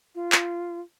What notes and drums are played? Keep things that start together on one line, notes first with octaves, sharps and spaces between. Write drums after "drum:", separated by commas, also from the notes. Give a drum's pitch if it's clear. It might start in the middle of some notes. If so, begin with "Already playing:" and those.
F4
drum: clap